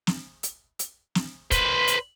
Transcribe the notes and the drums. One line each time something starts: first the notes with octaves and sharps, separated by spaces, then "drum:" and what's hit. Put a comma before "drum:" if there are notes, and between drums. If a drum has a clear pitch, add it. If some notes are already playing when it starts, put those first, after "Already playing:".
drum: snare
drum: hi-hat
drum: hi-hat
drum: snare
B4 C5, drum: kick, hi-hat
drum: hi-hat